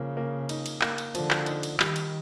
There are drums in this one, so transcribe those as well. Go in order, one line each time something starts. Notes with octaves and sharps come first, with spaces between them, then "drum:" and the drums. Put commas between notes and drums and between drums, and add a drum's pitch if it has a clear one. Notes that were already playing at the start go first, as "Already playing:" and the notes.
Already playing: C#3 F3 A#3
A#3
D#4, drum: cymbal
drum: cymbal
A#3, drum: clap
drum: cymbal
D3 F3, drum: cymbal
drum: clap
D#4, drum: cymbal
drum: cymbal
D#3 G3, drum: clap
drum: cymbal